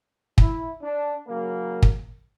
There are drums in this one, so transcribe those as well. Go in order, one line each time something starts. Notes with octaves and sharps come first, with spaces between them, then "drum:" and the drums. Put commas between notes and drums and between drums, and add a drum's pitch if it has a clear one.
E4, drum: kick
D4
C#3 F#3 A#3
drum: kick